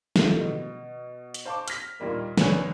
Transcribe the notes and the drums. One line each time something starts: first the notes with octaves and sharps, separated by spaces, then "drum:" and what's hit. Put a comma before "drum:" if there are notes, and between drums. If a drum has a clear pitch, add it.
A3 E4 F4 G4, drum: snare
B2
drum: hi-hat
C5 F5 A5 C#6 D6
F6 B6, drum: hi-hat
D#2 A#2 D#3 G3 A#3
C2 D4 B4 C#5 G#5 F#6, drum: snare